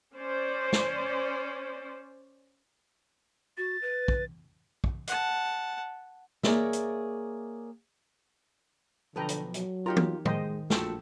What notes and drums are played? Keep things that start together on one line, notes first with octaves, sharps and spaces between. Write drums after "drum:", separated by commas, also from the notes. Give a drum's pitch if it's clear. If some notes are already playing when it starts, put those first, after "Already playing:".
C#4 C5 D5
drum: snare
F#4 A6
B4
drum: kick
drum: kick
F#5 A5, drum: hi-hat
A#3 G#4 A#4 C#5 D5 E5, drum: snare
drum: hi-hat
B1 D3 F3 A4 B4 G5 A#5
drum: hi-hat
F#3, drum: hi-hat
D#4 F4 G4 A#4 G5 A#5
drum: tom E3
D#3 G#3 C5 D#5 G5, drum: tom A2
A#1 A3 F4 F#4 A4 G5 E6, drum: snare